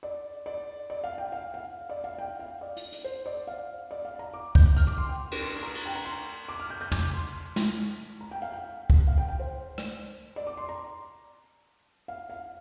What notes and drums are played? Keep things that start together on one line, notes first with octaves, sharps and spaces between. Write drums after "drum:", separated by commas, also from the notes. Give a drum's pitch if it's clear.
D5
D5
D5
F5
G5
F5
F5
D5
F5
G5
F5
D5
drum: hi-hat
drum: hi-hat
C5
D5
F5
D5
F5
A#5
D6
G6, drum: kick
F6, drum: hi-hat
D6
C6
G5
drum: cymbal
C6
C6
A#5
drum: cymbal
G5
A#5
C6
D6
F6
G6
G6
D6, drum: tom
C6
drum: snare
A#5
G5
F5
G5
drum: kick
F5
G5
G5
C5
drum: rim click
D5
D6
C6
A#5
F5
F5